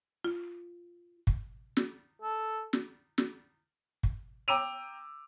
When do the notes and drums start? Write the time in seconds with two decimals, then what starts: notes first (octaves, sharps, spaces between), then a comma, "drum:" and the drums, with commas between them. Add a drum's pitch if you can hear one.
0.25 F4
1.27 drum: kick
1.77 drum: snare
2.22 A4
2.73 drum: snare
3.18 drum: snare
4.03 drum: kick
4.48 G5 A#5 D6 E6 D#7 F7